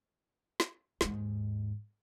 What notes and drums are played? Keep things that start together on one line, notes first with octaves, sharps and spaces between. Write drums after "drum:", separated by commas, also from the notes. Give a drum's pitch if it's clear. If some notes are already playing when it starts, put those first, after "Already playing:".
drum: snare
D#2 G#2, drum: snare